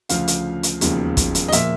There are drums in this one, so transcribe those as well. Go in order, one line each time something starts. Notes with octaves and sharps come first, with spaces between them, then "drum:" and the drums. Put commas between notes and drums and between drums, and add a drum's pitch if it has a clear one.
D2 C#3 F3 F5, drum: hi-hat
drum: hi-hat
drum: hi-hat
E1 D#2 C#3 F3, drum: hi-hat
drum: kick, hi-hat
drum: hi-hat
D#5
A#2 F3 E5, drum: hi-hat